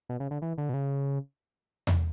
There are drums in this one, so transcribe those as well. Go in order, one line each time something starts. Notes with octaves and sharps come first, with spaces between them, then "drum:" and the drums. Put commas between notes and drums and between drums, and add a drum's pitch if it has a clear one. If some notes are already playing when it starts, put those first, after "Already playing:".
B2
C#3
D3
E3
D3
B2
C#3
drum: tom E2